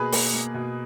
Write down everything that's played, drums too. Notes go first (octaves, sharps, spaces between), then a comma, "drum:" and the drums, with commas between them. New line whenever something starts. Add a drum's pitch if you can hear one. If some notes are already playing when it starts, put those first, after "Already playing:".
Already playing: B2 A#3 G#4 B4
A#3, drum: open hi-hat
A#3
B2